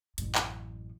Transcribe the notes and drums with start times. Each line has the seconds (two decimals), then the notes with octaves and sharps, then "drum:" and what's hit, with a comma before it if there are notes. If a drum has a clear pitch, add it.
0.18 A1 F#2, drum: hi-hat
0.35 drum: clap